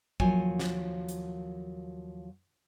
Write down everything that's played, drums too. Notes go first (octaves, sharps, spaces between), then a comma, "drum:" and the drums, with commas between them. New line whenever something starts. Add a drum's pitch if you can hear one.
D#2 F3 F#3 C#5 G#5, drum: kick
drum: snare
drum: hi-hat